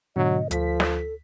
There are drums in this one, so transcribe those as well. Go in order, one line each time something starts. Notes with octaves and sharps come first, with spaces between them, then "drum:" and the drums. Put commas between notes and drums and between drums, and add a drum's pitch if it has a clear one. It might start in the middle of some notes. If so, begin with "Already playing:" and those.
G#2 B2 D3 F#3 D#5
D2 F3 A4 B6, drum: hi-hat
drum: snare